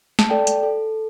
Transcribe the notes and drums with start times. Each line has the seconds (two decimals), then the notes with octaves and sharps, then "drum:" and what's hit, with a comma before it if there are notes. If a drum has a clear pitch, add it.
0.19 A5, drum: snare
0.30 A4 D5 G5
0.47 drum: hi-hat
0.63 A4